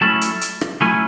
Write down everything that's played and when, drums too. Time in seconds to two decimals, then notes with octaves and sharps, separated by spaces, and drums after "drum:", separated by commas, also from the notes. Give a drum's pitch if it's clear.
0.01 F#3 A3 C#4 E4 A5
0.21 drum: hi-hat
0.41 drum: hi-hat
0.61 drum: rim click
0.81 F#3 A3 C#4 E4 G#5